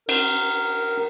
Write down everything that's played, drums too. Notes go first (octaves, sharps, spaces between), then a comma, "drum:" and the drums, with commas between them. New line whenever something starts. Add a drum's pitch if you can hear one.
A#4, drum: cymbal